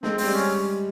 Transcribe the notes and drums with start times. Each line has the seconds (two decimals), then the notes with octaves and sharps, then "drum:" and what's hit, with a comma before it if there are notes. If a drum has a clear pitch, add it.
0.03 G#3 C4, drum: snare
0.18 C4, drum: open hi-hat
0.24 G3
0.34 C#4